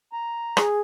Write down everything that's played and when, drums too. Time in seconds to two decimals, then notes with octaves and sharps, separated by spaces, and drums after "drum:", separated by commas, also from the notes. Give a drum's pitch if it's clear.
0.13 A#5
0.57 G#4, drum: rim click